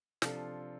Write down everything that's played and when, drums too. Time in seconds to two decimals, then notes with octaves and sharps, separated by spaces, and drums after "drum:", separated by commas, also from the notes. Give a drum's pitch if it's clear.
0.22 C3 F3 D4 F4 A4, drum: snare